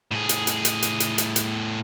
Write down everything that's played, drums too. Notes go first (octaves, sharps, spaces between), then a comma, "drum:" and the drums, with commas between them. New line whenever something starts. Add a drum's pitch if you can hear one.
A2 G#4
drum: hi-hat
drum: hi-hat
drum: hi-hat
drum: hi-hat
drum: hi-hat
drum: hi-hat
drum: hi-hat